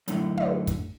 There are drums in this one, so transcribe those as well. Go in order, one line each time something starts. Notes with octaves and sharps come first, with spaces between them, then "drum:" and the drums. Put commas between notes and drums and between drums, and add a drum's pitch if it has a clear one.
F#2 A2 D3, drum: hi-hat
drum: tom
drum: kick, hi-hat